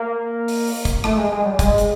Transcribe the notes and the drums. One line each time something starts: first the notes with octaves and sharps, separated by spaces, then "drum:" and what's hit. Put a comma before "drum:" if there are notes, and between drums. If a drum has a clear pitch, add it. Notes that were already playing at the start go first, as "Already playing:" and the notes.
Already playing: A#3
drum: open hi-hat
drum: open hi-hat
drum: kick, hi-hat
A3, drum: rim click
G#3
G#3
G3
G#3, drum: kick, hi-hat
drum: hi-hat